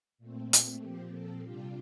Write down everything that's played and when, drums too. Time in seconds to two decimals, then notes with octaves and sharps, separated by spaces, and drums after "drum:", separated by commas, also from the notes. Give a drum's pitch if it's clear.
0.18 A#2 A3 C4
0.53 drum: hi-hat
0.80 A#2 F3 C4 G4
1.11 A4
1.42 C3 G3 D4 F4 G4